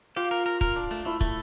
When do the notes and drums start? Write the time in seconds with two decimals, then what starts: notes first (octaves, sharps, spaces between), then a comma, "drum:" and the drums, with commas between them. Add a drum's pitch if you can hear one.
0.16 F4 G4 F5
0.31 A#4
0.46 A#4
0.61 A#4, drum: kick
0.76 D4
0.91 A3
1.05 A3 E4 E5
1.21 A3, drum: kick